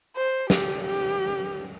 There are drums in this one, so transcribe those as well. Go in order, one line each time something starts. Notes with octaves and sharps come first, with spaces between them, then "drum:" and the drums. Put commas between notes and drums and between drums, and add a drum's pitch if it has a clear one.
C5
G4, drum: snare
G4